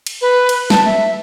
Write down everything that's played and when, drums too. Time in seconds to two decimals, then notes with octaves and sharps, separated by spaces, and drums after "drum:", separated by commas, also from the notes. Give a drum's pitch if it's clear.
0.07 drum: cymbal
0.21 B4
0.49 drum: cymbal
0.70 A5, drum: snare
0.85 E5